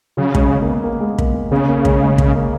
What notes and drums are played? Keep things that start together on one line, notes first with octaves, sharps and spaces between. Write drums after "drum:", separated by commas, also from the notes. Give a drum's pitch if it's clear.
C#3 F#3
G#3, drum: kick
A#3
B3
A#3
G#3
A#3, drum: kick
B3
C#3 B3
A#3
G#3, drum: kick
G#3
drum: kick
A#3